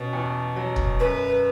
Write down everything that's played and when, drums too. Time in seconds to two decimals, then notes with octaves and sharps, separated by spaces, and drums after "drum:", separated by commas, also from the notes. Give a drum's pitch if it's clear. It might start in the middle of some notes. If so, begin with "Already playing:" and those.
Already playing: B2 C#4
0.13 E2
0.56 F#3
0.76 drum: kick
1.00 F#2 B4